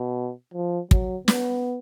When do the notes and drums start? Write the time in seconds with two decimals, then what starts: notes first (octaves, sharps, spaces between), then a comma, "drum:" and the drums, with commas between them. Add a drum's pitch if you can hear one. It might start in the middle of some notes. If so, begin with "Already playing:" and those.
Already playing: B2
0.54 F3
0.91 F#3, drum: kick
1.28 B3, drum: snare